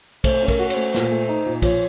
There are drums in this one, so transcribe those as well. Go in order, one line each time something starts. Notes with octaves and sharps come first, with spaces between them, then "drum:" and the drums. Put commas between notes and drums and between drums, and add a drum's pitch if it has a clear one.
A3 C5, drum: kick, cymbal
C#4
A#4, drum: kick, cymbal
F#4
C#5, drum: cymbal
A3 C5
A#2, drum: snare
A3
D#4
A#2
F3 C#5, drum: kick, cymbal